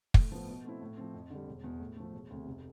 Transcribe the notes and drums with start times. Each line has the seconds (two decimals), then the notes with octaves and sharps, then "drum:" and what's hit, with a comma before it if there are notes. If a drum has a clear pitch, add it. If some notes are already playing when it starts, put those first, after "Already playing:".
0.14 A2, drum: kick
0.32 F3 B3
0.48 B2
0.64 A3 C4 E4
0.82 A2
0.97 F3 C4
1.14 F2
1.31 D3 G3
1.47 E1
1.64 E2 B2
1.80 A2
1.96 F3 A3
2.13 E1
2.30 D2 C3
2.47 F1